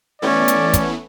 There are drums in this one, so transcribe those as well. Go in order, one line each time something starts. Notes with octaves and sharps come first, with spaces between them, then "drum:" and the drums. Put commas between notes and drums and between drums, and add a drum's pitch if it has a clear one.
E3 A3 B3 C#4 D5
drum: hi-hat
drum: kick, hi-hat